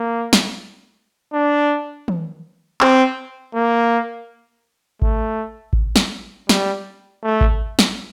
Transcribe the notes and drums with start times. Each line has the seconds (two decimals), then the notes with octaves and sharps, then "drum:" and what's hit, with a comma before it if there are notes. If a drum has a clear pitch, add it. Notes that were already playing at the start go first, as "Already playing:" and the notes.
Already playing: A#3
0.33 drum: snare
1.33 D4
2.08 drum: tom
2.81 C4, drum: clap
3.55 A#3
5.02 A3, drum: kick G#1
5.73 drum: kick G#1
5.96 drum: snare
6.49 G3, drum: snare
7.23 A3
7.41 drum: kick G#1
7.79 drum: snare